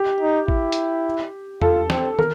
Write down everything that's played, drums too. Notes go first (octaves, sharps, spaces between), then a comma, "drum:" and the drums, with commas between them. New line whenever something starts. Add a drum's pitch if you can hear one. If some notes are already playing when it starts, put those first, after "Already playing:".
Already playing: G4
D#4
E4, drum: kick
drum: hi-hat
F4 A4, drum: tom E2
C4, drum: snare
A#4, drum: tom